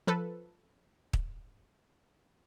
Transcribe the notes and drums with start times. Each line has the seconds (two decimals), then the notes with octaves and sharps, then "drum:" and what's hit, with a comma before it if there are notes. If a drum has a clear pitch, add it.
0.07 F3 A4 B4
1.13 drum: kick